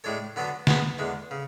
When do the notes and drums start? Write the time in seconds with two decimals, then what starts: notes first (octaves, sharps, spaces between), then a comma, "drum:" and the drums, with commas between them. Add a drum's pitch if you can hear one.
0.04 A2 G#3 D4 A4 C#5
0.36 D3 F#3 B3 F#4 A4
0.67 G#3 B3 F#4 B4, drum: snare
0.98 E2 D3 G#3
1.31 C#3